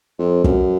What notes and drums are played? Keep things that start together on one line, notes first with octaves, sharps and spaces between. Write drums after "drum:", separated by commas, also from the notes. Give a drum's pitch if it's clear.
F2
F#2, drum: kick